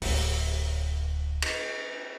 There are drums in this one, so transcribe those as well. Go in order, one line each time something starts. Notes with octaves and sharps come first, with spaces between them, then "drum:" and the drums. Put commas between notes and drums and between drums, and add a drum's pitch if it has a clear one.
D1 G#1, drum: open hi-hat
drum: cymbal